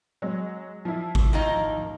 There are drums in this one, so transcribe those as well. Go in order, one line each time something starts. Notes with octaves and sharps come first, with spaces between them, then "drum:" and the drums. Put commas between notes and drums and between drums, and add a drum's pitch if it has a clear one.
F#3 G#3
F3 E4
drum: kick G#1
D#3 A#3 D#4